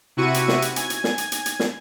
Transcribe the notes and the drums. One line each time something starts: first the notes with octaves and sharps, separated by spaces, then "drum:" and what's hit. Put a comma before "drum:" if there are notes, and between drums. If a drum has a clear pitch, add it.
C3 E4 F#4 C#6 C#7 D#7
drum: hi-hat
drum: snare
drum: hi-hat
G#5 G#6, drum: hi-hat
drum: hi-hat
drum: snare
drum: hi-hat
drum: hi-hat
drum: hi-hat
drum: snare